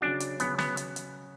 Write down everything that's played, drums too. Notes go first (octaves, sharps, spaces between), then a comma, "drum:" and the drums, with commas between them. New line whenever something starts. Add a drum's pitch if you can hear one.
C#3 F#3 C#4 D4 F#4
drum: hi-hat
C#3 F#3 B3 C#4 F#4, drum: hi-hat
B3, drum: snare
drum: hi-hat
drum: hi-hat